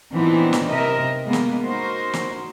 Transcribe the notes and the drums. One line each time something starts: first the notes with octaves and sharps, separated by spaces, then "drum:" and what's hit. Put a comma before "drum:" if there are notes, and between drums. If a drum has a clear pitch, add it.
A#2 E3 B3 C4 D4 D#4
drum: snare
C3 D#4 A#4 D#5 E5
G#3 A#3 B3
drum: snare
D#4 F#4 A#4 C5
drum: snare